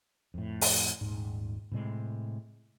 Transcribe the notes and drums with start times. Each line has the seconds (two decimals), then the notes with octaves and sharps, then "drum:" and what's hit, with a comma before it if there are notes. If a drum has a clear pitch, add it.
0.34 F2 A2
0.61 drum: open hi-hat
1.01 D#1 G#2
1.72 A2 C3 G#3